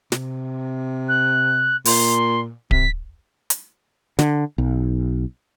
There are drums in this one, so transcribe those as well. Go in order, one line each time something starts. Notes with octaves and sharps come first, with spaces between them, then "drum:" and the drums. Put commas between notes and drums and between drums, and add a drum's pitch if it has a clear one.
C3, drum: snare
F#6
A#2 C6, drum: open hi-hat
C3 B6, drum: kick D1
drum: hi-hat
D3, drum: snare
B1